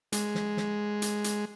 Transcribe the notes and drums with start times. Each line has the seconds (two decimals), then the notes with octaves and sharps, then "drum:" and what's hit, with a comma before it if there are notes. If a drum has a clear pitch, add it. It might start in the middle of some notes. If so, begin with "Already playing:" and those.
0.12 G#3, drum: hi-hat
0.35 drum: snare
0.57 drum: snare
1.02 drum: hi-hat
1.24 drum: hi-hat